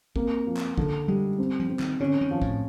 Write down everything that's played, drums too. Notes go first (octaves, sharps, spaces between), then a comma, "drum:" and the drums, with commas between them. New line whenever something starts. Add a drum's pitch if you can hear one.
A#3 C4, drum: kick
F3
drum: clap
D3, drum: kick
G3 G#3
C4
F3
C4
D#3, drum: clap
D3 C#4
D#3
F3
A2, drum: kick